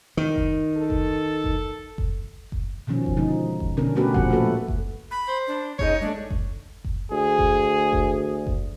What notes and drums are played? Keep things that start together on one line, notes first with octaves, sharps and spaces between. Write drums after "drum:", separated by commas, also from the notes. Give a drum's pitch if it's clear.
D#3
drum: kick F#1
A4
drum: kick F#1
drum: kick F#1
drum: kick F#1
drum: kick F#1
B2 D#3 F3 C#4
drum: kick F#1
D3 F3 G#3 D#4
drum: kick F#1
B2 D3 B3 C#4 D4 A#4
A3 C#4 F#4 G4 A#4 B4
A#2 F3 G#3 F#5, drum: kick F#1
A#2 A3 F#4 A4 B4
drum: kick F#1
B5
C5
D4
C#4 D#4 G#4 C#5 D#5, drum: kick F#1
G#3 A3 D4
drum: kick F#1
drum: kick F#1
D2 G#4
drum: kick F#1
drum: kick F#1
drum: kick F#1